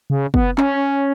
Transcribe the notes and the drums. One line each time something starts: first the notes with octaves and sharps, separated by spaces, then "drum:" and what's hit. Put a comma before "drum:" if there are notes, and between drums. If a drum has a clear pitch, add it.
C#3
B3, drum: kick
C#4, drum: clap